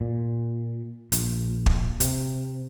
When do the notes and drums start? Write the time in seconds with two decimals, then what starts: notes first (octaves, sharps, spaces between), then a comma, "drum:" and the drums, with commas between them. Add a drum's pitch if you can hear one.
0.01 A#2
1.12 A#1, drum: hi-hat
1.66 drum: kick
2.00 C3, drum: hi-hat